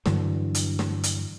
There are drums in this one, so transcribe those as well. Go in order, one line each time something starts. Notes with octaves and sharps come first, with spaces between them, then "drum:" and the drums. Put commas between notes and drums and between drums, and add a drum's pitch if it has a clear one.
G2 D3 E3 F#3, drum: snare
drum: hi-hat
drum: snare
drum: hi-hat